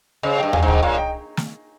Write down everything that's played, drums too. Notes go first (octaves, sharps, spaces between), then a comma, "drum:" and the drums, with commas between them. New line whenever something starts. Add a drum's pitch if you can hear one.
C#3 C5 D#5
G2 D#5 G5
F5 G#5, drum: tom D#2
G#2
D#5 G5, drum: kick C2
A#2 C#5 F5
D#5 G5
drum: snare